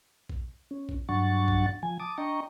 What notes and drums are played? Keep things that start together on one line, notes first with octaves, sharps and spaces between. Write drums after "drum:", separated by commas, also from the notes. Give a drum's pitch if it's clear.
drum: kick A#1
C#4
drum: kick A#1
G2 F#3 D4 F#5 C#6 A6
drum: kick A#1
F3 G#5
A5 D6 D#6
D4 D#5 G5 A#5 C#6